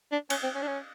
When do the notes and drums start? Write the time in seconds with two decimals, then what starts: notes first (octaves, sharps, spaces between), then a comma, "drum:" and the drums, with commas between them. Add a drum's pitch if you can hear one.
0.12 D4
0.30 C#4, drum: cymbal
0.43 C4
0.55 C#4
0.62 D4
0.67 C#4